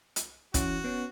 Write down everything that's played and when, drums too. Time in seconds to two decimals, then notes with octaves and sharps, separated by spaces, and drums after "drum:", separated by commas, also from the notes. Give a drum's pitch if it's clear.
0.16 drum: hi-hat
0.54 E3 C#4 E4 F#4, drum: kick, hi-hat
0.84 B3 C#4